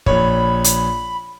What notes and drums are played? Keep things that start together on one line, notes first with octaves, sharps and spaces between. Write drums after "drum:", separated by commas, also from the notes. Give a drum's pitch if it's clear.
A#1 C#5 B5, drum: kick
drum: hi-hat